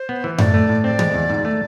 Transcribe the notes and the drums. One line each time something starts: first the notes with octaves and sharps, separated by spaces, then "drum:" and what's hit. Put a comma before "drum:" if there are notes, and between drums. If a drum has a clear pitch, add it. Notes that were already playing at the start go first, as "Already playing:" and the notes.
Already playing: C5
B3
E3
A2 D5, drum: tom F#2
A3
A2
C4 D5
G#3, drum: tom
E2
G#2
A3